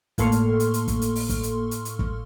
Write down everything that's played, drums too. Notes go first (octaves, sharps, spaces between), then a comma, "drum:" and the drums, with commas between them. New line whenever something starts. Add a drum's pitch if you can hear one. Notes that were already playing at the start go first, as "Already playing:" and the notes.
A2 A#3 A4 C6 C#6 F6, drum: kick, hi-hat
drum: hi-hat
drum: hi-hat
drum: hi-hat
drum: kick, hi-hat
drum: hi-hat
drum: open hi-hat
drum: kick, hi-hat
drum: hi-hat
drum: hi-hat
drum: hi-hat
drum: kick